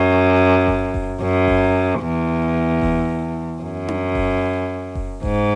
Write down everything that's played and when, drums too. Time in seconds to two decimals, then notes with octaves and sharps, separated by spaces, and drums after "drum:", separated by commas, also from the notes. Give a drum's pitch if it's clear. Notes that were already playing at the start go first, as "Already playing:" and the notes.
Already playing: F#2
0.67 drum: kick F1
0.94 drum: kick F1
1.21 F#2
1.48 drum: kick F1
2.01 E2
2.81 drum: kick F1
3.62 F#2
3.88 drum: tom D4
4.15 drum: kick F1
4.95 drum: kick F1
5.23 G#2, drum: kick F1